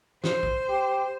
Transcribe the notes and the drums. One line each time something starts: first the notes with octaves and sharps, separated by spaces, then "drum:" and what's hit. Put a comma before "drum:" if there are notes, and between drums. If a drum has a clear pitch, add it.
C5, drum: snare
drum: kick A#1
G4